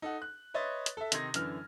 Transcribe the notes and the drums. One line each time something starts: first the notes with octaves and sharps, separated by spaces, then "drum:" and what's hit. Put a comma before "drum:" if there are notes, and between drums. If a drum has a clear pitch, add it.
D#4 A4 F#5
F#6
B4 C#5 D#5 E5 C6 A6
drum: hi-hat
A4 E5
C3 D#3 D#4 C6 G#6 A#6, drum: hi-hat
F#2 D3 E3 F6, drum: hi-hat